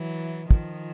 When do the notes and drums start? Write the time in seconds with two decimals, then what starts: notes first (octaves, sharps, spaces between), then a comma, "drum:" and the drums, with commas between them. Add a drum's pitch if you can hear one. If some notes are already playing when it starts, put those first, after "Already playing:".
Already playing: E3 F#3
0.51 D#3 F3, drum: kick